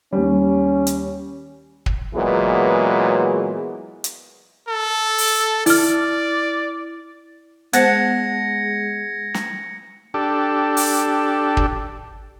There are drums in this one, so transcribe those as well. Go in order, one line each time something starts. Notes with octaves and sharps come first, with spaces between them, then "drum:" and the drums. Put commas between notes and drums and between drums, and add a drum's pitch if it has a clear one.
D#2 G3 C#4
drum: hi-hat
drum: kick
A#2 E3 F#3 G#3 B3 G#4
drum: hi-hat
A4
drum: open hi-hat
E4 D5 F6, drum: open hi-hat
G#3 B3 C5 F#5 A5 G#6 A#6 C#7, drum: hi-hat
drum: snare
D4 G4 A4
drum: open hi-hat
drum: kick